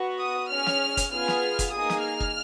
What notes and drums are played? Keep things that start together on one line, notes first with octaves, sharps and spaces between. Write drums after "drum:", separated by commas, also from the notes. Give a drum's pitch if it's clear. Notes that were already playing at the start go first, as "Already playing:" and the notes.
Already playing: B3 F#4
D#6
C#4 G#4 F6
drum: snare
drum: kick, hi-hat
B3 F4 G#4 F6
drum: snare
drum: kick, hi-hat
A#3 D#4 G#4 D#6
drum: snare
F6
drum: kick